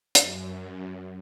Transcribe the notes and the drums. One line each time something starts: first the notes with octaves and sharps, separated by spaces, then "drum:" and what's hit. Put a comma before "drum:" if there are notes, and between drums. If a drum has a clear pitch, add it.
F#2, drum: hi-hat